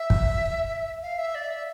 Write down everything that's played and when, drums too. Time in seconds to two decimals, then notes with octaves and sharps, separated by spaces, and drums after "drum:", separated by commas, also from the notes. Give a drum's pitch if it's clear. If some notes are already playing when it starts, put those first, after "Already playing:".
Already playing: E5
0.10 drum: kick
1.02 F5
1.18 E5
1.35 D5
1.51 E5